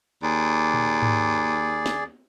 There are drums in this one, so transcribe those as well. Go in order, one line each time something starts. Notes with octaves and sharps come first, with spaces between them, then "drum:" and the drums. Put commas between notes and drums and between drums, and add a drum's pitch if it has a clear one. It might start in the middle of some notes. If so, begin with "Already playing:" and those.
D#2 G#4 D5
drum: tom A#2
drum: tom G#2
drum: snare